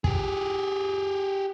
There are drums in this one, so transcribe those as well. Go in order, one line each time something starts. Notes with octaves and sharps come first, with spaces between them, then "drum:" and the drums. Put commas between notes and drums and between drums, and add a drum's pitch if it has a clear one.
G4 G#4, drum: kick